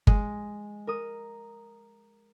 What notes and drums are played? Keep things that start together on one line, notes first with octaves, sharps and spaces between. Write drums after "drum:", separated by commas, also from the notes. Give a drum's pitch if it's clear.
G#3, drum: kick G1
A#4 D#6